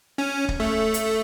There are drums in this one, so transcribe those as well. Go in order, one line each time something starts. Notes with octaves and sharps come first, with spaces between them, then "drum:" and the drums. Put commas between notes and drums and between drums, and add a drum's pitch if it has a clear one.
C#4
drum: kick
A3
drum: hi-hat